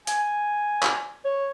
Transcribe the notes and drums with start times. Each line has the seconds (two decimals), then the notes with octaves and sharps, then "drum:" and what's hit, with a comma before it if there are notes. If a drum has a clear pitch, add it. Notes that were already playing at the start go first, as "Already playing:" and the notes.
0.07 G#5, drum: hi-hat
0.83 drum: clap
1.24 C#5